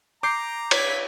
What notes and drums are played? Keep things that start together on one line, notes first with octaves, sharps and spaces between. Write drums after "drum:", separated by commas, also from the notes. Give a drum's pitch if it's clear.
A#5 D6 G6 C7
C#5 G#6 B6, drum: cymbal